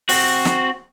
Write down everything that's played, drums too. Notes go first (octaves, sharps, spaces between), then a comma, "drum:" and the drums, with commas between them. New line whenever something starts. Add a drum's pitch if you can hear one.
C4 F#4, drum: open hi-hat
drum: snare